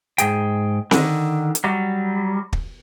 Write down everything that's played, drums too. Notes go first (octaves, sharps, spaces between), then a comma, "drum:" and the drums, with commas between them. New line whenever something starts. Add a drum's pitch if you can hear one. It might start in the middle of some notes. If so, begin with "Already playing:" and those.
G#2 G#4 G5, drum: hi-hat
D3 D#3, drum: snare C4
drum: hi-hat
F#3 G3
drum: kick